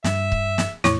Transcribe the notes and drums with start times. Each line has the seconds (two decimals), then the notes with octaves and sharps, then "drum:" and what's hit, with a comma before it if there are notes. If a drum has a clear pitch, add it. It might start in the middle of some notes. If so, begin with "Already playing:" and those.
0.04 G2 E5, drum: snare
0.32 drum: kick C#1
0.58 drum: snare
0.84 E2 A2 E4 C#5 C#6, drum: snare